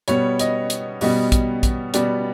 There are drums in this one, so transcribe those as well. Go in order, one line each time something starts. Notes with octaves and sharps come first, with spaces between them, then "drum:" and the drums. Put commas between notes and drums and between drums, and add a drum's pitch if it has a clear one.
B2 G3 B3 C#5, drum: hi-hat
D#5, drum: hi-hat
drum: hi-hat
B2 G3 B3 D#5, drum: open hi-hat
drum: kick A#1, hi-hat
drum: kick A#1, hi-hat
B2 G3 B3 D5, drum: hi-hat